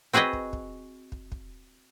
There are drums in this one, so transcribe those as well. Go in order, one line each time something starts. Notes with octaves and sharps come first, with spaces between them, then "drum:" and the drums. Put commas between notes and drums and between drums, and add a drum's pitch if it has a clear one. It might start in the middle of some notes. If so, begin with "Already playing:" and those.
C4 F#4 G#4 B4 D#5
drum: kick
drum: kick
drum: kick
drum: kick